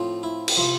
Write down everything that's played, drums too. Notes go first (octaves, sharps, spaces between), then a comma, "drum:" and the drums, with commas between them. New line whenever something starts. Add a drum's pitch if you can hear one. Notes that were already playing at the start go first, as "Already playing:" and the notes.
Already playing: A2 F3 C4
E4
drum: cymbal
C3 F3 C4